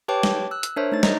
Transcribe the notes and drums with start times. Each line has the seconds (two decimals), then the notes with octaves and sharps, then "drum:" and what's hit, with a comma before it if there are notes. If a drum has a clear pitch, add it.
0.08 G4 B4 C#5 G5 A5 D6
0.23 drum: snare
0.51 E6 F#6
0.63 drum: hi-hat
0.76 D4 A#4 C5 C#5 E5
0.92 A3 D#4 A6
1.03 D#5 A#5, drum: snare